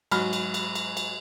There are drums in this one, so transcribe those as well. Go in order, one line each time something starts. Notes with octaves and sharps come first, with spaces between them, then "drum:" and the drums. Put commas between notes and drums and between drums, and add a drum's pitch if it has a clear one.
G#2 F#3 F#4 B5 F6, drum: cymbal
drum: cymbal
drum: cymbal
drum: cymbal
drum: cymbal